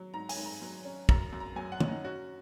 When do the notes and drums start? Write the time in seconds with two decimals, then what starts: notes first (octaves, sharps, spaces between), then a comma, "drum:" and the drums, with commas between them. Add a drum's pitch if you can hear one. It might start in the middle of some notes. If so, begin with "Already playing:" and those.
Already playing: F#3
0.14 G#2 A#5
0.29 G#5, drum: open hi-hat
0.37 G#2
0.46 A#5
0.62 F#3
0.85 C#4
1.09 F#2 A#5, drum: kick
1.33 F#2
1.40 A#5
1.56 F#3 G#5
1.72 F#5
1.80 C#4, drum: tom
1.88 D#4
2.04 C#4 F#4